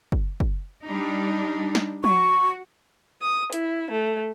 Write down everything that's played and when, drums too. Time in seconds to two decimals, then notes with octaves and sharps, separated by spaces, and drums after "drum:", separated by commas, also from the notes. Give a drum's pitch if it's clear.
0.12 drum: kick
0.40 drum: kick
0.83 G3 D4 D#4
1.75 drum: snare
2.04 F#4 C#6, drum: tom F3
3.20 D#6
3.53 E4, drum: hi-hat
3.91 A3